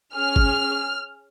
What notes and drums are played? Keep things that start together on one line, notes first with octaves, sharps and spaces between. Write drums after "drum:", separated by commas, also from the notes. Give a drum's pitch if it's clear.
C#4 G#4 F6
drum: kick